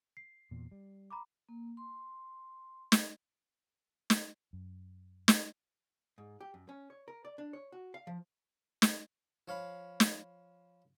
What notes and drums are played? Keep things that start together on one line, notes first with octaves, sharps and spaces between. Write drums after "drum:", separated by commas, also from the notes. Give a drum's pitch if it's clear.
C7
E2 A#2
G3
A#5 B5 D6
A#3
C6
drum: snare
drum: snare
F#2
drum: snare
G#2
G4
F#2
C#4
C#5
A#4
D5
D4
C#5
F#4
F5
F3
drum: snare
F3 C#5 F5 B5
drum: snare